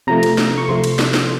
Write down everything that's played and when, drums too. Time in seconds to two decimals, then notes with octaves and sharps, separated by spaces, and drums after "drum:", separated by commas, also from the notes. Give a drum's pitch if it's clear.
0.07 C3 F3 A3 A#5
0.23 drum: cymbal
0.38 drum: snare
0.58 C#6
0.68 C3 F3 A3 C6
0.84 drum: cymbal
0.99 drum: snare
1.14 drum: snare